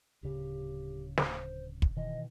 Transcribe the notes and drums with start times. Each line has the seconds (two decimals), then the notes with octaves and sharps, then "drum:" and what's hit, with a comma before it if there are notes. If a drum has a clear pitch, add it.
0.23 D1 C#3 G4
1.17 C5, drum: snare
1.82 drum: kick
1.96 B2 D#3 E3 D#5